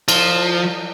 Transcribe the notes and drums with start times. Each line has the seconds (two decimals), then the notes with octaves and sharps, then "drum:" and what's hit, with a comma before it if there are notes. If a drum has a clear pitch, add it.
0.08 F3, drum: cymbal